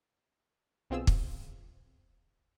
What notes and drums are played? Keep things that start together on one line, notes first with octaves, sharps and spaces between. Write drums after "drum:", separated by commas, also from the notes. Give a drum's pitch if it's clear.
B1 B2 C4 F4 G#4 E6
drum: kick